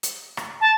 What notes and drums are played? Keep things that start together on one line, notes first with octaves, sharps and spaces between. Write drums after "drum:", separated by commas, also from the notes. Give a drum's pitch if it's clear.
drum: hi-hat
drum: rim click
A5